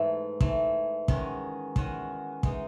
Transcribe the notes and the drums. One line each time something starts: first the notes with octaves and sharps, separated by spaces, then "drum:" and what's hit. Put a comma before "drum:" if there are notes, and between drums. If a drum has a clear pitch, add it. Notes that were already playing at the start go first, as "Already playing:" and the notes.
Already playing: G#2 E3 A3
G#2 E3 A3, drum: kick
E2 D#3 G#3 C#4 F#4, drum: kick
E2 D#3 G#3 C#4 F#4, drum: kick
E3 G#3 D#4, drum: kick